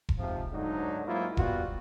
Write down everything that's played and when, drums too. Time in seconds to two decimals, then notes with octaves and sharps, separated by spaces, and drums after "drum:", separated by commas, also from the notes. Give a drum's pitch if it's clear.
0.09 drum: kick E1
0.18 G#2 C3 F3
0.53 D2 G#2 D3 F#3 D#4
1.06 G#2 F#3 A#3 E4 F4
1.37 G3 B3 F4 F#4, drum: kick E1